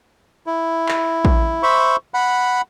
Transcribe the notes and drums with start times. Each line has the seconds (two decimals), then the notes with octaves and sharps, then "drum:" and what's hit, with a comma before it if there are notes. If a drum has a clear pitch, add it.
0.47 E4
0.88 drum: clap
1.25 drum: kick
1.63 C5 E5 B5 C#6
2.14 F#5 B5